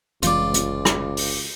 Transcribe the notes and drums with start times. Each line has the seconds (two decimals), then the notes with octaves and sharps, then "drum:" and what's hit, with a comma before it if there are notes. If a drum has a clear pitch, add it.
0.23 F1 C#2 E3 G#3 F4 D5, drum: hi-hat
0.54 drum: hi-hat
0.85 drum: rim click
1.17 drum: open hi-hat